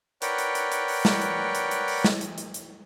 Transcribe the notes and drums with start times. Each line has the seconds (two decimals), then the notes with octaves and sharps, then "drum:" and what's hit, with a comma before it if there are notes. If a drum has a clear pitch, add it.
0.22 A#4 B4 C#5 D5 F#5 G5, drum: hi-hat
0.38 drum: hi-hat
0.55 drum: hi-hat
0.72 drum: hi-hat
0.88 drum: open hi-hat
1.05 drum: snare
1.21 drum: hi-hat
1.55 drum: hi-hat
1.71 drum: hi-hat
1.88 drum: open hi-hat
2.04 drum: snare
2.21 drum: hi-hat
2.38 drum: hi-hat
2.54 drum: hi-hat